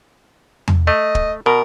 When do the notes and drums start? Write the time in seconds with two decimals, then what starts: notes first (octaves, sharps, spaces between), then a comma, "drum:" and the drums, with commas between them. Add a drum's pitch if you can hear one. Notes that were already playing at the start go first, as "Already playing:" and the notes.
0.68 drum: tom E2
0.87 A3 D#5
1.15 drum: kick
1.46 B2 A#4